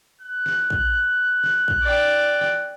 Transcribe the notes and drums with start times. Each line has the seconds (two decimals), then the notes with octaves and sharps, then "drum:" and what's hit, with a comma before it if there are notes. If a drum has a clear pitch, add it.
0.22 F#6
0.46 drum: snare
0.70 drum: kick
1.44 drum: snare
1.68 drum: kick
1.83 D5 G5
2.41 drum: snare